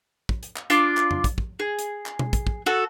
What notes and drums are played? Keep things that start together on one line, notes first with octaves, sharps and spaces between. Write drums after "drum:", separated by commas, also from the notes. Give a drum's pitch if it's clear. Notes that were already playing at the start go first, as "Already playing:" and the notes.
drum: kick
drum: hi-hat
drum: clap
D4 F4 D5, drum: hi-hat
drum: clap
drum: tom F2
drum: kick, hi-hat
drum: kick
G#4
drum: hi-hat
drum: clap
drum: tom B2
drum: kick, hi-hat
drum: kick
F#4 A4